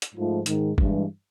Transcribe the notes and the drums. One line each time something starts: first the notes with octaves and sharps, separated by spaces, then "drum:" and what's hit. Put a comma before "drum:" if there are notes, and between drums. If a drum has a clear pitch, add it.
drum: hi-hat
G#2 F3 A3
G#2 D#3 G#3, drum: hi-hat
G2 E3 G#3, drum: kick G1